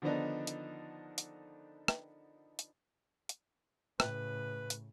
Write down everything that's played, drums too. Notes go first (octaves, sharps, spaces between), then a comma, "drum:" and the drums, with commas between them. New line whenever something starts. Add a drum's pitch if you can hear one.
D3 D#3 F3 B3 D4 D#4
drum: hi-hat
drum: hi-hat
drum: rim click
drum: hi-hat
drum: hi-hat
A2 C#3 B4, drum: rim click
drum: hi-hat